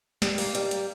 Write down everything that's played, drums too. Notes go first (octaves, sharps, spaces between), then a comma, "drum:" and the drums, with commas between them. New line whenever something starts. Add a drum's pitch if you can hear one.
G3, drum: snare
A#3, drum: open hi-hat
G3, drum: hi-hat
drum: hi-hat